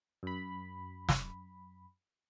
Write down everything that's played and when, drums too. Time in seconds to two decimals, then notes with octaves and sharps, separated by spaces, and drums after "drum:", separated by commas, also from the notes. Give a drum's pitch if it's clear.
0.23 F#2 B5
1.09 drum: snare